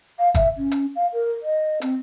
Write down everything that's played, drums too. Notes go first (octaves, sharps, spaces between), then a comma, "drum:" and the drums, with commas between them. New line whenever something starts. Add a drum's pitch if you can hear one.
F5
E5, drum: kick, hi-hat
C#4
drum: hi-hat
F5
A#4
D#5
C4, drum: hi-hat